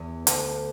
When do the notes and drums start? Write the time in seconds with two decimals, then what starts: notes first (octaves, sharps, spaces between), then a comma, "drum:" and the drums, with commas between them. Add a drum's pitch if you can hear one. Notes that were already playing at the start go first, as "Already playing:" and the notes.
Already playing: E2
0.27 D2, drum: hi-hat